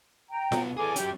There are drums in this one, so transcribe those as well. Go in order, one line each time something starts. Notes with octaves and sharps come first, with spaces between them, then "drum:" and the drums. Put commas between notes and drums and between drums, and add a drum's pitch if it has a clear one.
G5 A#5
B1 B3, drum: snare F4
G#4 A4 B4 G#5 D6
F#3 C#4 G4, drum: hi-hat